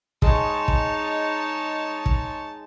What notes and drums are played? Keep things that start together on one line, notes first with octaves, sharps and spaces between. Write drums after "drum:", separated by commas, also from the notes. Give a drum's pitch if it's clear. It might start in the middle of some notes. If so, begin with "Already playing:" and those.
G#3 D#4 C#5 A5, drum: kick
drum: kick
drum: kick